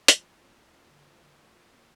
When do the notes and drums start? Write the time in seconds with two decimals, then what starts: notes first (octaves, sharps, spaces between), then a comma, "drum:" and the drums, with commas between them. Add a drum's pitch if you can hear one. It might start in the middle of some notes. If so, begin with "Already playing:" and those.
0.08 F3 G#3 C4 F4, drum: hi-hat
0.25 A2
0.41 F3 A#3 C#4
0.57 A2
0.74 F3 A#3 C#4
0.90 D3
1.06 F3 A3
1.23 D3
1.39 F3 A3
1.55 F3
1.71 A#3 C#4 F4